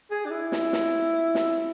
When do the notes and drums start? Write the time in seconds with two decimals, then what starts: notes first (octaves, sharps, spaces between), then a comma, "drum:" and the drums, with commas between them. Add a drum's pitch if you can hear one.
0.11 G#4
0.25 D4
0.31 E4
0.52 drum: snare
0.73 drum: snare
1.35 drum: snare